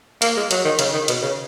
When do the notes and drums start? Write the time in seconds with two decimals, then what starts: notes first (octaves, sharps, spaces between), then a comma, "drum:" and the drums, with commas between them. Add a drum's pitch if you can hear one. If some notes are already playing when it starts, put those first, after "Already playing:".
0.22 A#3, drum: hi-hat
0.37 G#3
0.51 F#3, drum: hi-hat
0.64 D#3
0.79 C#3, drum: hi-hat
0.94 D#3
1.08 B2, drum: hi-hat
1.22 C#3